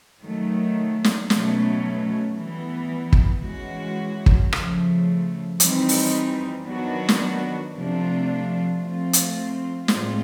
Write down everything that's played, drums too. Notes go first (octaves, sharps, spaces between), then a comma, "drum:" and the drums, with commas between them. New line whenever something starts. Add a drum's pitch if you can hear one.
D#3 F#3 A3
drum: snare
B2 F#3 A3 C#4, drum: snare
E3 G3 B3
drum: kick
E3 G#3 C#4 F#4
drum: kick
C#3 F3 A3, drum: rim click
E3 G3 C4 D#4, drum: hi-hat
drum: open hi-hat
D#3 F#3 B3 D4 F#4
drum: snare
C3 F3 A3 D4 F4
F3 A3 C4 F4
drum: hi-hat
A2 E3 G#3 C4 F4, drum: snare